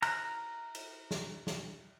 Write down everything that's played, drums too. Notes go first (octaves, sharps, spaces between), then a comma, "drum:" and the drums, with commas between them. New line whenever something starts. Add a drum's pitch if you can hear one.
A#5 F6 F#6, drum: cymbal
drum: cymbal
drum: snare
drum: snare